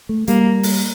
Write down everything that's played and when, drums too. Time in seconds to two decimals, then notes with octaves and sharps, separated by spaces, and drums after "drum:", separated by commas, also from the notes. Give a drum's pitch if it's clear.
0.09 A3
0.27 G3 A#3, drum: hi-hat
0.63 drum: open hi-hat